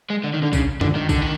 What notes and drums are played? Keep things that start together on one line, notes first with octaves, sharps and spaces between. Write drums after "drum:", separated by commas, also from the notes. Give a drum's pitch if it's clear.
G#3
D3
D#3
D3
C#3, drum: kick, tambourine
D3, drum: tom F#2
D#3
D3, drum: kick, tambourine
D#3